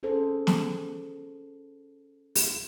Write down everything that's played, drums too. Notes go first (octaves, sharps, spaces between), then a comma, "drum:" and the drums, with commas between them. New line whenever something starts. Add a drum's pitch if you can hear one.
C#4 G#4 A4 C5
drum: snare
drum: open hi-hat